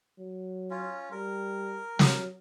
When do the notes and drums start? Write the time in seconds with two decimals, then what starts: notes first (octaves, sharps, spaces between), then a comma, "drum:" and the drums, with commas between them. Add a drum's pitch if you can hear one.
0.19 F#3
0.71 C#4 F4
1.12 G3 A#4
1.99 F#3, drum: snare